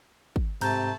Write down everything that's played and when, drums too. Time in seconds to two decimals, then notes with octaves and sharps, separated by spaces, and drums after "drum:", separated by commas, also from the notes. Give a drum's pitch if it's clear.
0.36 drum: kick
0.61 G#2 C3 A3 A5 A#5 G6, drum: cymbal